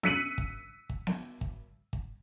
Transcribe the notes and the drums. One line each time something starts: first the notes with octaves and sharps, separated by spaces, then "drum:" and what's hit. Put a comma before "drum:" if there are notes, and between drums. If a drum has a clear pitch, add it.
E6 F#6 B6 C#7 D#7 F#7, drum: snare B3
drum: kick
drum: kick
drum: snare B3
drum: kick
drum: kick